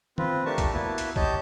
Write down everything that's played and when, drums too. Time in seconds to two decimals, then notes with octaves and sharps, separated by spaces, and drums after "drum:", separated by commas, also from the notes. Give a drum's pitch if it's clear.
0.18 C4 F4 B4, drum: tom
0.46 A3 D4 G4 A#4 A5 C#6
0.58 drum: kick B1, hi-hat
0.73 A#3 B3 E4 F#4 B4 A5
0.98 drum: hi-hat
1.16 G4 C#5 D#5 A5 G6, drum: kick B1